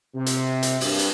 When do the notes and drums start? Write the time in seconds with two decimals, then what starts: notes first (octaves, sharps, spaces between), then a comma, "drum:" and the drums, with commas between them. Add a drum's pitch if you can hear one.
0.14 C3
0.26 drum: hi-hat
0.63 drum: hi-hat
0.81 G2, drum: open hi-hat
0.99 drum: hi-hat